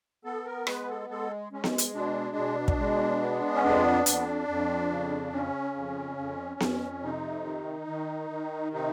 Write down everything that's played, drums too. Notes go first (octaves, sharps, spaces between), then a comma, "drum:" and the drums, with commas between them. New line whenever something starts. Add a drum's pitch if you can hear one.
B3 A4
A#4
G#3 B4, drum: rim click
A4
G#3 A4
G#3 C#4
drum: snare B3
drum: hi-hat
B2 D4
B2
drum: kick
G#3
B3
C#4
F2 D4
F2, drum: hi-hat
F2
C#3
C#3 C#4
F2
F2
F2, drum: snare B3
C3 D#4
D#3
D#3
D#3
C3 D#4